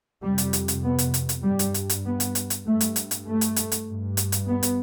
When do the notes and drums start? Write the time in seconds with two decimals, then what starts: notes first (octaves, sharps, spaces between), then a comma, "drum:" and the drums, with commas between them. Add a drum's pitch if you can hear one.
0.22 F2 C3 G3
0.38 drum: hi-hat
0.53 drum: hi-hat
0.68 drum: hi-hat
0.83 B3
0.98 drum: hi-hat
1.14 drum: hi-hat
1.29 drum: hi-hat
1.44 G2 G3
1.59 drum: hi-hat
1.74 drum: hi-hat
1.90 drum: hi-hat
2.05 B3
2.20 drum: hi-hat
2.35 drum: hi-hat
2.50 drum: hi-hat
2.65 G2 A3
2.81 drum: hi-hat
2.96 drum: hi-hat
3.11 drum: hi-hat
3.27 A3
3.41 drum: hi-hat
3.56 drum: hi-hat
3.72 drum: hi-hat
3.87 G2
4.17 drum: hi-hat
4.32 drum: hi-hat
4.47 B3
4.63 drum: hi-hat